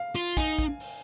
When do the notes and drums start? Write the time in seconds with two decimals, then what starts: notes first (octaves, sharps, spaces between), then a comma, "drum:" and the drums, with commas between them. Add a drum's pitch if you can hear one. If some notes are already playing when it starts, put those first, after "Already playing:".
Already playing: F5
0.15 F4
0.37 D#4 G#5, drum: kick, hi-hat
0.59 drum: kick, hi-hat
0.80 drum: open hi-hat